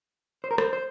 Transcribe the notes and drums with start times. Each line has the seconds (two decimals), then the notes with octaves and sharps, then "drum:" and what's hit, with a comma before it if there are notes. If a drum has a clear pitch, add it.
0.44 C5
0.51 A#4
0.58 C5, drum: rim click
0.73 C5